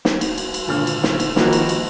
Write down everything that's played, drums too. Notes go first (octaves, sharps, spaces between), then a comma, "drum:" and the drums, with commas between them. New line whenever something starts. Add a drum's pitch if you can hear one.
drum: snare
drum: cymbal
drum: cymbal
drum: cymbal
G#1 A#2 D3 C#5 F6
drum: cymbal
drum: snare
drum: cymbal
G2 D#3 F3 A#3 F#4, drum: snare
drum: cymbal
drum: cymbal